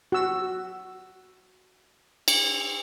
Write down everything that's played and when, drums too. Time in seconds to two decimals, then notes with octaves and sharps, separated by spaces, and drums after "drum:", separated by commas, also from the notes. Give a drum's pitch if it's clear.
0.12 F#4 E6
2.28 drum: cymbal